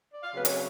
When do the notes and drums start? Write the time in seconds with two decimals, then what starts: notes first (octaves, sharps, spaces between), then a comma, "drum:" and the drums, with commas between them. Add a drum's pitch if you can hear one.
0.12 D5
0.23 F5
0.34 C#3 F#3 A3 C4 B4
0.45 C#5, drum: hi-hat